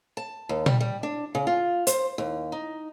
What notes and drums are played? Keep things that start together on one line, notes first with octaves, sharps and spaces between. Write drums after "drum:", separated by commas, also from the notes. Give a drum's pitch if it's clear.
A5
D#2
G3, drum: tom A#2
G3
D4
C#3
F4
C5, drum: hi-hat
D#2
D#4